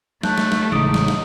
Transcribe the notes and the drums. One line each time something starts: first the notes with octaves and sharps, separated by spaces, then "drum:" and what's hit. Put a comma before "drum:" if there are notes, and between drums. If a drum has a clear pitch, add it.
A3 A5 F#6 G6, drum: snare
drum: snare
drum: snare
A1 C#3 E3 G#3 D#4 D6 D#6 D7
drum: snare
drum: snare